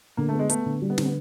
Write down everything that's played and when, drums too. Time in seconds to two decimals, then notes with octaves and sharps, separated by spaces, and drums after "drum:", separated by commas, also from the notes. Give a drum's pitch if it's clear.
0.17 D3 A#3
0.29 A3
0.33 B3
0.39 G#3
0.49 A3 B3, drum: hi-hat
0.66 D3
0.82 G3
0.90 B3
0.98 D3 C4, drum: snare
1.05 B3